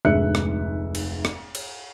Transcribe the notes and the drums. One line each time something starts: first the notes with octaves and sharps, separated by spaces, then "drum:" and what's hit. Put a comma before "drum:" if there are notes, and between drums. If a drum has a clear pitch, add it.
F1 D2 G#2 E5 F#6 C#7
drum: rim click
drum: cymbal
drum: rim click
drum: cymbal